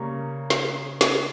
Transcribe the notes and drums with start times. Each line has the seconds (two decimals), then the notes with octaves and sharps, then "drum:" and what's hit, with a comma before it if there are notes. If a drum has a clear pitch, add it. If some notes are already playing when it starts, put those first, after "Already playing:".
Already playing: C#3 G3 A#3 A#5 C#6
0.50 drum: snare
1.01 drum: snare